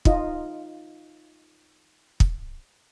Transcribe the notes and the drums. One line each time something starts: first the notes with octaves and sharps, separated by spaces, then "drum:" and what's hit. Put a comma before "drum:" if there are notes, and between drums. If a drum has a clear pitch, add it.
D#4 F4 D#5, drum: kick
drum: kick